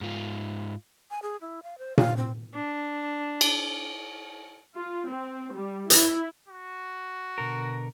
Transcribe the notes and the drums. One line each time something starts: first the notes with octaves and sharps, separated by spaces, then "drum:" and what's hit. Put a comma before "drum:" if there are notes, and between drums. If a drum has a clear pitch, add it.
G#2 F4
G#5
G#4
E4
F5
C5
F5, drum: tom A#2
C4
D4
drum: cymbal
F4
C4
G3
E4, drum: hi-hat
F#4
B2 D3 A#4